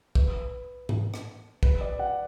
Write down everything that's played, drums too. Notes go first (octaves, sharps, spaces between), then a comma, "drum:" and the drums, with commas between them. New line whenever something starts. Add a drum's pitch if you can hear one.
B4, drum: kick
drum: tom G#2
drum: rim click
B4, drum: kick
D5
F#5